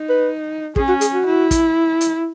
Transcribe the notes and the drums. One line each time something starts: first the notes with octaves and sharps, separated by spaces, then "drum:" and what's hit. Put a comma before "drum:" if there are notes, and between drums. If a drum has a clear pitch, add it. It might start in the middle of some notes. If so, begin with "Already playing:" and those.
Already playing: D#4
B4
C#4 G#4, drum: kick
F#4
G#4, drum: hi-hat
F#4
E4
drum: kick, hi-hat
drum: hi-hat